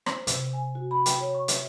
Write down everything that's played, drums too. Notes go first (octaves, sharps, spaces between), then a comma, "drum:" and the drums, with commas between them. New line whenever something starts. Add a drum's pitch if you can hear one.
C5, drum: rim click
C3, drum: hi-hat
G#5
F#4
B5
G5, drum: hi-hat
C#5
C#6
E5, drum: hi-hat